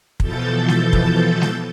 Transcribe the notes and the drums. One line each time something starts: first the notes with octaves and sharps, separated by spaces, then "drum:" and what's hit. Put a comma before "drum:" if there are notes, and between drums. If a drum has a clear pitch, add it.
B2 E3 F3 A4 G6 A6, drum: kick
drum: snare G#3
drum: kick
drum: snare G#3